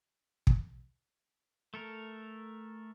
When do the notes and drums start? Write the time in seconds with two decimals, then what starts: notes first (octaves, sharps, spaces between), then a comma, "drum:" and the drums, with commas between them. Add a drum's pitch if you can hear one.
0.47 drum: kick
1.74 A3 A4 A#4